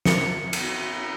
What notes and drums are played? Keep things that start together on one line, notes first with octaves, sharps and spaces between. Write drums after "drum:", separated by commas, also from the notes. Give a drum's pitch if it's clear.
C#7, drum: snare
drum: cymbal